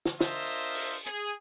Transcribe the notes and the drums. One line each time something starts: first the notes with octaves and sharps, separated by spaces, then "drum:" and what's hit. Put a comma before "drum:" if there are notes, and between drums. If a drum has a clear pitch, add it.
drum: snare
D4 F4 A#4 C5 D#5 E5, drum: snare
drum: tambourine
drum: open hi-hat
G#4, drum: hi-hat